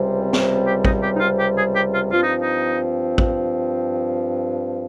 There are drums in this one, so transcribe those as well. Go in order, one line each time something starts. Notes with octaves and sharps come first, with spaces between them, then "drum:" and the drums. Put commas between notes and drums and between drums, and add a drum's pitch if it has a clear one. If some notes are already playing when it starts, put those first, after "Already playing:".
Already playing: C#2 C3 G3 C4
drum: snare
G4
D#4, drum: kick
G4
D#4
F4
G4
G#4
G4
F4
G2 F3 C4 F4
D#4
D#4
drum: kick